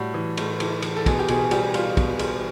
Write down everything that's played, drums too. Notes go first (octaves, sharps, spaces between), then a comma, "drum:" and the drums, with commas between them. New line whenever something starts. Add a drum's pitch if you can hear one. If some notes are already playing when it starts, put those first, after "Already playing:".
Already playing: A2 G3 F#4
E3
A2, drum: cymbal
E3, drum: cymbal
E3, drum: cymbal
A4
B2 G#4, drum: kick, cymbal
G4
B2 G#4, drum: cymbal
G3 G4, drum: cymbal
G3 F4, drum: cymbal
B2, drum: kick, cymbal
G3, drum: cymbal